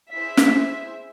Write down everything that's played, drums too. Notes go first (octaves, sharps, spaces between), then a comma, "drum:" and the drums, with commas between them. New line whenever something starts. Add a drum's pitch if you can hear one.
E4 G#4 C5 E5 B6
drum: snare